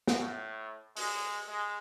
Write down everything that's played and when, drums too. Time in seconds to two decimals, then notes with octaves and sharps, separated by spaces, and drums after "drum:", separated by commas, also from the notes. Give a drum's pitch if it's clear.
0.07 drum: snare
0.19 A2
0.97 G#3, drum: open hi-hat
1.48 G#3